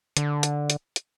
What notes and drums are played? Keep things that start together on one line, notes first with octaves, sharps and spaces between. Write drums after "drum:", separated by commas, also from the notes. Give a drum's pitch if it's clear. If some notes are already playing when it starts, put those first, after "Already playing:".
D3, drum: hi-hat
drum: hi-hat
drum: hi-hat
drum: hi-hat